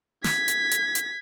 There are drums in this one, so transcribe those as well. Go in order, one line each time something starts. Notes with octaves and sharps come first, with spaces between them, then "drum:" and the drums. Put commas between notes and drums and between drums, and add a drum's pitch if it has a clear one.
G#6 B6, drum: snare
drum: hi-hat
drum: hi-hat
drum: hi-hat